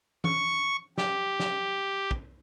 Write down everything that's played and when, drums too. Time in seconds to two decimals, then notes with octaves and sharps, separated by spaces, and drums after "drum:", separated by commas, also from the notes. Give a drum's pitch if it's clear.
0.24 C#6, drum: tom E3
0.98 G4, drum: snare
1.40 drum: snare
2.11 drum: kick